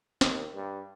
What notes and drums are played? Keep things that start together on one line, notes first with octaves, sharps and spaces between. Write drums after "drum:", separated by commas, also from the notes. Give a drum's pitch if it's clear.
D#2, drum: snare
G2